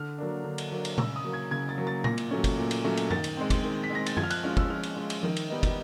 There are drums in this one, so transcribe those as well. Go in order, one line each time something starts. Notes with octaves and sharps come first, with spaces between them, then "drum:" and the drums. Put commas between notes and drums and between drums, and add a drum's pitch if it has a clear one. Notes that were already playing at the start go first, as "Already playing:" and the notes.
Already playing: D3 F6
F#3 A#3 D4
D3
drum: cymbal
F#3 A#3 D4
drum: cymbal
C#3 E6, drum: tom A#2
D#6
F#3 A#3
G#6
C#3 G#6
A6
F#3 A#3
A6
A#2 A#6, drum: tom A#2
drum: cymbal
F#3 A3 C#4
drum: kick, cymbal
A#2
drum: cymbal
F#3 A3 C#4
drum: cymbal
D#3 A6, drum: tom F#2
drum: cymbal
G#3 C4
drum: kick, cymbal
D#3
B6
G#3 C4 A#6
A6, drum: cymbal
F3 G#6, drum: tom F#2
F6
F#6, drum: cymbal
G#3 C#4 F4 F6
E6, drum: kick
F3 F6
drum: cymbal
G#3 C#4 F4
drum: cymbal
D#3, drum: tom F3
drum: cymbal
G3 B3 D#4
drum: kick, cymbal